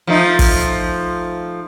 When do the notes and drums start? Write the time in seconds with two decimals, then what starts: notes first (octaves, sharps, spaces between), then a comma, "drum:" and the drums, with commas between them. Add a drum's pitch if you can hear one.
0.07 F3 A3 D#4
0.39 drum: kick, open hi-hat